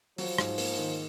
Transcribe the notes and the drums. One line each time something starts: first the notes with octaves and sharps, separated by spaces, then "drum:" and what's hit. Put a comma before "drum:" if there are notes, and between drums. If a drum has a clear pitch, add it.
F3 F#3, drum: open hi-hat
G#2, drum: rim click
A#3, drum: open hi-hat
D#3